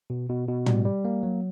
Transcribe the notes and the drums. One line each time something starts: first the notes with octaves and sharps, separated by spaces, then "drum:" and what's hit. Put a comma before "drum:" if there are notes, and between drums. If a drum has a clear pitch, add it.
B2
B2
B2
G3, drum: tom
G3
A#3
F#3